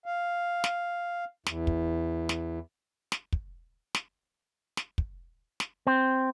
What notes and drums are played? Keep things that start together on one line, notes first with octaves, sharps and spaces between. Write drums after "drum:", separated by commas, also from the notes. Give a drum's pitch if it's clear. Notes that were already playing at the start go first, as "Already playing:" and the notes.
F5
drum: snare
E2, drum: snare
drum: kick
drum: snare
drum: snare
drum: kick
drum: snare
drum: snare
drum: kick
drum: snare
C4